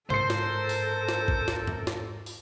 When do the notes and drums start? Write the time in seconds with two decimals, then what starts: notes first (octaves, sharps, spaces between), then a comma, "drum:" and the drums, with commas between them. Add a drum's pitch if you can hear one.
0.10 G#2 A4 A#4 C5 C6 C7, drum: tom C3
0.30 drum: snare
0.69 drum: open hi-hat
1.09 drum: snare
1.28 drum: kick
1.48 drum: snare
1.67 drum: tom E2
1.87 drum: snare
2.26 drum: open hi-hat